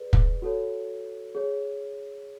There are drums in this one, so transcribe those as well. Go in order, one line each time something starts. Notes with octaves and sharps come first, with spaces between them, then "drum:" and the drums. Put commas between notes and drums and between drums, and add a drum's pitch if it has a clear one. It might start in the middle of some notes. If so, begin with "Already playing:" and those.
Already playing: G#4 B4 D5
drum: kick
F#4 A4 C#5
G#4 C#5